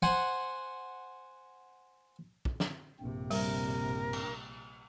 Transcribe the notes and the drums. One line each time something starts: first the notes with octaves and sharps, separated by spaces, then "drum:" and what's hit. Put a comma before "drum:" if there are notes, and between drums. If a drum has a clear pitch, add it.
C5 F#5 G#5
drum: kick
drum: snare
A#1 G2 C3 C4
G3 A#4, drum: open hi-hat
drum: cymbal